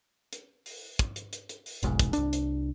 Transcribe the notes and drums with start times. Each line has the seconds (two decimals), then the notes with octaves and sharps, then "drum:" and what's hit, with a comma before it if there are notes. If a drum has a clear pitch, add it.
0.33 drum: hi-hat
0.66 drum: open hi-hat
0.99 drum: kick, hi-hat
1.16 drum: hi-hat
1.33 drum: hi-hat
1.49 drum: hi-hat
1.66 drum: open hi-hat
1.83 F1 B1 G#2, drum: hi-hat
1.99 drum: kick, hi-hat
2.13 C2 D4, drum: hi-hat
2.33 drum: hi-hat